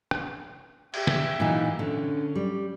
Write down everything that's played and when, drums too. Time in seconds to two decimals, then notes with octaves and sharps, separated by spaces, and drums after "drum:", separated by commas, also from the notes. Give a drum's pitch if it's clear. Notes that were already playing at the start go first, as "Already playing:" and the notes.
0.11 drum: rim click
0.94 G4 E5, drum: cymbal
1.07 drum: snare
1.40 A#2 E3 D#4
1.79 D3 C#4
2.35 G3